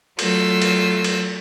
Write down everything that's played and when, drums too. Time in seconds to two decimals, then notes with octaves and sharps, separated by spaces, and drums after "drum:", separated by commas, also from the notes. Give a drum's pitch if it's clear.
0.19 F#3 A3 F4 E6, drum: cymbal
0.62 drum: cymbal
1.04 drum: cymbal